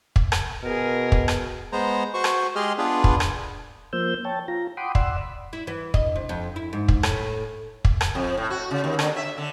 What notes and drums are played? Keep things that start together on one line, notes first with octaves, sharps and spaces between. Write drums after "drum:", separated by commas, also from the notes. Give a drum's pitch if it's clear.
drum: kick
drum: rim click
B2 G#4 A#4
drum: kick
drum: rim click
G#3 B3 C5 A#5
F#4 C5 C#6
drum: rim click
G#3 G4 G#4 D#5 C6 F6
B3 D4 F4 G#4 B4
drum: kick
drum: rim click
F3 A#3 C5 E6 G6
C#5 G5 A5
F4 A#5
F#5 G5 B5 C6 D6 D#6
D5 F#5 C6 E6, drum: kick
B5
E4
E3
D#5, drum: kick
C3
F2
E4
G#2
drum: kick
A2, drum: rim click
drum: kick
drum: rim click
F2
A2
F#4
C#3
D#2
D3, drum: rim click
E5
D3